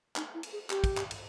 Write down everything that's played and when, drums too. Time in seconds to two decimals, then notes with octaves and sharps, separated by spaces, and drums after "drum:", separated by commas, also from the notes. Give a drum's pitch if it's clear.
0.16 D#4, drum: clap
0.34 E4
0.43 drum: cymbal
0.52 G#4
0.70 G4, drum: clap
0.84 drum: kick, cymbal
0.97 drum: clap
1.11 drum: cymbal